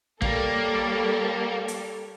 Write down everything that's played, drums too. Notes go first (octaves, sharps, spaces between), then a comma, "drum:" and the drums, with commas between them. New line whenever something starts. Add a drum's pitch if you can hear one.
G3 A#3 A4 C#5, drum: kick A1
drum: hi-hat